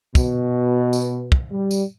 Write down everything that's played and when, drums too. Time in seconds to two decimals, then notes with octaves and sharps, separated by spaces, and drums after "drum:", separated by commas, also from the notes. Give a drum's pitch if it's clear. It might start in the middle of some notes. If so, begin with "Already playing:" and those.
0.15 B2, drum: kick, tambourine
0.93 drum: tambourine
1.32 drum: kick
1.51 G3
1.71 drum: tambourine